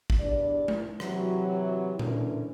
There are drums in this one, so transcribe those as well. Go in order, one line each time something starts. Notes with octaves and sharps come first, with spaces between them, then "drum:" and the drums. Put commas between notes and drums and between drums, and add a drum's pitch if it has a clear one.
drum: kick
E2 G2 D4 D5
drum: tom G#3
C3 E3 F#3, drum: rim click
D3 E3 C#4 D4 A#4, drum: tom A#2